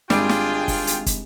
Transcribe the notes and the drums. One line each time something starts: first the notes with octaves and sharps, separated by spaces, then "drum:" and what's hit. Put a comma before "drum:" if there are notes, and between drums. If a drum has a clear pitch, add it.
G#1 G3 D4 F4 G#4 G5 D7, drum: snare
drum: snare
drum: kick, open hi-hat
drum: hi-hat
drum: kick, hi-hat